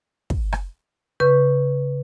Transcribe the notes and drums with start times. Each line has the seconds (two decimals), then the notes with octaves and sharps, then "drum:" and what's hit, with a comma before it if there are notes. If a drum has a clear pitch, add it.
0.30 drum: kick
0.53 drum: rim click
1.20 C#3 B4 C#6 G6